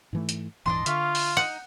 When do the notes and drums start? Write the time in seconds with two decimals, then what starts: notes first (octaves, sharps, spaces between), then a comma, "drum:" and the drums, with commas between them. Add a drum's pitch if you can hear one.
0.13 G#2 E3 A3
0.29 drum: hi-hat
0.66 D#1 G#2 E3 D4 D#5 C6
0.86 D3 F4 E5 F5 C#6, drum: hi-hat
1.15 drum: open hi-hat
1.37 D#4 F#5